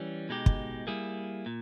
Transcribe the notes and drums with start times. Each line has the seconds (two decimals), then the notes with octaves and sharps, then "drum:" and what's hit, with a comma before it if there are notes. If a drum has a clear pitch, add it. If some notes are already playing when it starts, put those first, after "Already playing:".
Already playing: E3 G3 C#4
0.29 B2 G#3 D#4 G4
0.46 drum: kick
0.87 G3 A#3 E4 G#4
1.46 A#2